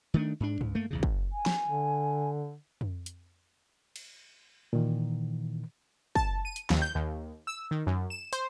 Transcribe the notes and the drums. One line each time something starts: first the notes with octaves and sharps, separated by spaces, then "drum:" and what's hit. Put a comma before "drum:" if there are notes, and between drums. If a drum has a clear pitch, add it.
D#3 A3 D4
G#2 D4
C#2, drum: tom G2
A3 A#3
B1 E2 C#3
drum: kick
G#5
drum: snare
D3
drum: tom F2
drum: hi-hat
drum: cymbal
A#2 D#3 E3
A5, drum: kick
D#7
drum: hi-hat
D#2, drum: snare
G6
D#2
E6
D#3
F#2
E7
C5, drum: hi-hat